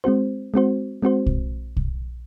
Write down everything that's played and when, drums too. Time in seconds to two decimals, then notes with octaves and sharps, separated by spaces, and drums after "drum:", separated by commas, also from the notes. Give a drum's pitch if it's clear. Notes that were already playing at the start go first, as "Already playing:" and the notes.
0.04 G#3 C4 F#4 C5
0.54 G#3 C4 F#4 C5
1.02 G#3 C4 F#4 C5
1.26 drum: kick
1.77 drum: kick